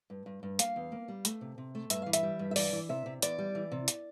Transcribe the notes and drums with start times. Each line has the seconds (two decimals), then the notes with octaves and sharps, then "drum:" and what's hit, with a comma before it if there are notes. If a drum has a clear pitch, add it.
0.10 G2
0.26 G2
0.43 G2
0.59 A#3 F5, drum: hi-hat
0.76 E2
0.92 A#3
1.08 G3
1.25 A3, drum: hi-hat
1.41 C3
1.58 C3
1.75 A3
1.90 G2 E5, drum: hi-hat
2.02 E3 F5
2.13 E5, drum: hi-hat
2.23 G3
2.39 G2
2.51 E5
2.56 E3 D5, drum: open hi-hat
2.73 E3
2.89 C3 E5
3.06 C3
3.22 E2 D5, drum: hi-hat
3.39 G3
3.55 E3
3.72 C3
3.88 drum: hi-hat